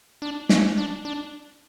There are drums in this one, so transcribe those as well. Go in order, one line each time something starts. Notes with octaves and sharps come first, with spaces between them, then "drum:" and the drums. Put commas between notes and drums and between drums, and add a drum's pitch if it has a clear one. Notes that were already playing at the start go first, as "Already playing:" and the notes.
D4
C#4, drum: snare
D4
D4